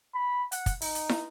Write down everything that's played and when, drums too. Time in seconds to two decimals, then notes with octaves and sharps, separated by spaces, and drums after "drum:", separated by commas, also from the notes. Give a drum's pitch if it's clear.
0.15 B5
0.52 F#5, drum: hi-hat
0.66 drum: kick, hi-hat
0.82 D#4, drum: open hi-hat
0.95 drum: hi-hat
1.09 drum: snare